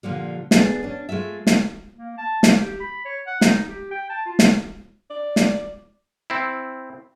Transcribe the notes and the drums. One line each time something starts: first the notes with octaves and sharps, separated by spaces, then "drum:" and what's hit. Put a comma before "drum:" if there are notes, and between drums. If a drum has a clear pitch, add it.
A#2 D3 F3 G3
B3 D4 G#4, drum: snare
C#4 D4
G#3 A3 F4 E5
drum: snare
A#3
A5
A#3, drum: snare
G4
B5
C#5
F#5
D#4, drum: snare
G4
G5
A5
F4
drum: snare
D5
drum: snare
C4 E4